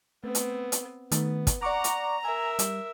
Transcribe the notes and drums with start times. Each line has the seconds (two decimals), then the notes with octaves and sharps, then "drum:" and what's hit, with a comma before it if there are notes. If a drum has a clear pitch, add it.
0.24 A3 B3 C4
0.35 drum: hi-hat
0.72 drum: hi-hat
1.12 D#3 A3 B3, drum: hi-hat
1.47 drum: kick, hi-hat
1.63 D5 F#5 A#5 C#6 D6
1.84 drum: hi-hat
2.25 A#4 E5 G#5
2.59 G3, drum: hi-hat